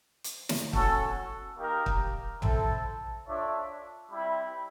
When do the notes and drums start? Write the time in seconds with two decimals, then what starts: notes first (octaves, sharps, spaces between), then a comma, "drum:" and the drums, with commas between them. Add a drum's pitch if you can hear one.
0.24 drum: hi-hat
0.49 drum: snare
0.73 C#4 F#4 A4, drum: kick
1.57 A#3 D#4 G4 A#4
1.86 drum: kick
2.42 C4 E4 A4, drum: tom
3.26 D4 F4 A4 C#5 E5
4.11 G3 C4 E4